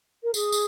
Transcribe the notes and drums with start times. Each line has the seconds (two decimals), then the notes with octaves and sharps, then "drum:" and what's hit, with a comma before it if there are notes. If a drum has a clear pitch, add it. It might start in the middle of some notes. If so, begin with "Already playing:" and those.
0.23 A#4
0.34 G#4, drum: tambourine
0.52 drum: tambourine